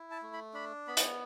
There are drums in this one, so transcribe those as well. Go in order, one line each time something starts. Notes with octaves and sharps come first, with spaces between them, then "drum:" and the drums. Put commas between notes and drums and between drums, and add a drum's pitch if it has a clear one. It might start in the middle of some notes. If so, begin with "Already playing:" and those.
Already playing: E4
A5
A3
B5
D4 B5
B3 B5
drum: hi-hat